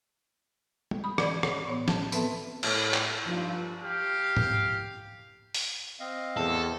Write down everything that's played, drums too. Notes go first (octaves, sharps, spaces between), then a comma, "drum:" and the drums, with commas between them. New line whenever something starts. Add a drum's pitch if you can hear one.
drum: tom
B5 D#6
E3 D5 G#6, drum: rim click
C#5, drum: rim click
A2 B3 C#5
A5, drum: snare
B3 C4 A4 B4 E5 A5, drum: tambourine
A2, drum: cymbal
drum: clap
G2 F3 D#4 F4
G4 F5
drum: tom G#2
drum: open hi-hat
C4 D#5 F5
E2 A4